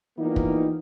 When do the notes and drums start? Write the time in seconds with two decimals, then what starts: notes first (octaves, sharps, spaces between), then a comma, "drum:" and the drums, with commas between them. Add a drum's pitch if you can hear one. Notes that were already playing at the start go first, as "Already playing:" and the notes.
0.18 E3 F3 G3 A#3 B3 D#4
0.36 drum: kick